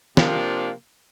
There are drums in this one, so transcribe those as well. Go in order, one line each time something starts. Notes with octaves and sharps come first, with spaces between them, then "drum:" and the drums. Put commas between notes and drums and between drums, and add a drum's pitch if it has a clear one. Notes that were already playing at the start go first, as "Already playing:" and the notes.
C3 F3 A#3 D4 F4, drum: snare